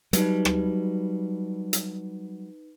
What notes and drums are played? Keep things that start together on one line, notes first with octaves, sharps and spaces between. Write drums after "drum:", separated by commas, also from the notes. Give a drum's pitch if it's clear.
F#3 G3 D#4 B4, drum: hi-hat
drum: rim click
drum: hi-hat